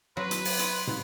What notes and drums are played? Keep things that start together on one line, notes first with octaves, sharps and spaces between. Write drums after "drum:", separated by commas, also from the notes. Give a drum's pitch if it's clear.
F#3 B4 B5 C6
drum: hi-hat
drum: open hi-hat
drum: hi-hat
drum: tom